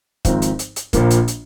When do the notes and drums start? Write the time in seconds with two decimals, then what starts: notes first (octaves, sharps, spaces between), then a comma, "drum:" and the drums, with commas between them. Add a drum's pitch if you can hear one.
0.25 G#1 G#2 F3 C4, drum: kick, hi-hat
0.42 drum: hi-hat
0.59 drum: hi-hat
0.76 drum: hi-hat
0.93 A#1 A#2 F3 A#3, drum: kick, hi-hat
1.10 drum: hi-hat
1.28 drum: hi-hat